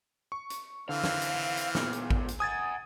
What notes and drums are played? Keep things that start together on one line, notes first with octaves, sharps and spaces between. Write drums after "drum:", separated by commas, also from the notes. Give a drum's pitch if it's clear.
C#6
drum: hi-hat
D3 E3 C4 F5 F6
drum: snare
drum: hi-hat
drum: hi-hat
C#2 A#2 B3, drum: snare
drum: hi-hat
drum: kick G#1
drum: hi-hat
F#5 G#5 D#6 G#6 A6